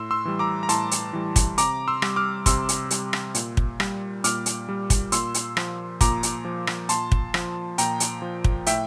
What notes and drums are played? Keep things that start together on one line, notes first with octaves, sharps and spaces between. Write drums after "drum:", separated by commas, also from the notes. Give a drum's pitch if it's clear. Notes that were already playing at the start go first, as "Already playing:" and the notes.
Already playing: A2 C6 E6
C6 E6
E3 G3
A#5 D6
A#5
A2 A5 C6, drum: hi-hat
drum: hi-hat
E3 G3
drum: kick, hi-hat
C3 A#5 D6, drum: hi-hat
C6 E6
G3, drum: rim click
D6 F6
C3 C6 E6, drum: kick, hi-hat
drum: hi-hat
G3, drum: hi-hat
drum: rim click
A#2, drum: hi-hat
drum: kick
G3, drum: rim click
A#2 D6 F6, drum: hi-hat
drum: hi-hat
G3
drum: kick, hi-hat
A#2 C6 E6, drum: hi-hat
drum: hi-hat
F3, drum: rim click
A#2 A#5 D6, drum: kick, hi-hat
drum: hi-hat
F3
drum: rim click
A#2 A5 C6, drum: hi-hat
drum: kick
F3, drum: rim click
A#2 G5 A#5, drum: hi-hat
drum: hi-hat
F3
drum: kick
A2 E5 G5, drum: hi-hat